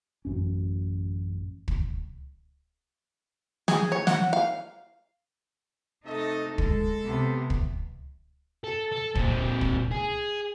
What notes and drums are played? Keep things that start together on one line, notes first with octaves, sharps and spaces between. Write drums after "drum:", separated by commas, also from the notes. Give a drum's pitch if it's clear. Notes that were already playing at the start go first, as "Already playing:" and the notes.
A1 F#2 C#4
drum: kick
G#4, drum: snare
C#5
F#5, drum: snare
F5
C3 A3 D#4 A4 D#5
G#3 A4, drum: kick
C3 B3
drum: kick
A4
A4
A#2 C4, drum: kick
drum: kick
G#4